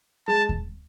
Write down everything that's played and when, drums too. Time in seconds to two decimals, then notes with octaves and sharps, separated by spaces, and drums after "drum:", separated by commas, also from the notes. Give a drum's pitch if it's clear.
0.27 G#3 A5
0.49 drum: kick D#2